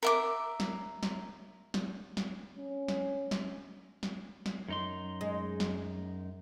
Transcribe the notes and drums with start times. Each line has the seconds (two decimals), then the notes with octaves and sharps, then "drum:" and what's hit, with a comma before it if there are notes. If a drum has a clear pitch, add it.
0.03 A#4 E5 D6
0.60 drum: snare
1.03 drum: snare
1.74 drum: snare
2.17 drum: snare
2.57 C#4
2.88 drum: snare
3.31 drum: snare
4.03 drum: snare
4.46 drum: snare
4.68 F#2 D#4 C6
5.21 G#3
5.60 drum: snare